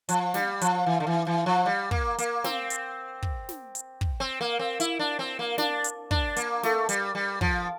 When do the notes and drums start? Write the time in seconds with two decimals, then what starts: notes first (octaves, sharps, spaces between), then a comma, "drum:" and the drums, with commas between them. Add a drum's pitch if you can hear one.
0.09 F3, drum: hi-hat
0.34 G3, drum: snare
0.61 F3, drum: hi-hat
0.86 E3
1.00 D3
1.07 E3
1.27 E3
1.46 F3
1.66 G3
1.91 A#3, drum: kick
2.18 A#3, drum: hi-hat
2.44 C4, drum: snare
2.70 drum: hi-hat
3.22 drum: kick
3.49 drum: snare
3.75 drum: hi-hat
4.01 drum: kick
4.20 C4
4.41 A#3
4.59 C4
4.80 E4, drum: hi-hat
4.99 D4
5.19 C4
5.39 A#3
5.58 D4, drum: snare
5.84 drum: hi-hat
6.11 D4, drum: kick
6.36 A#3, drum: hi-hat
6.63 A3, drum: snare
6.89 G3, drum: hi-hat
7.15 G3
7.41 F3, drum: kick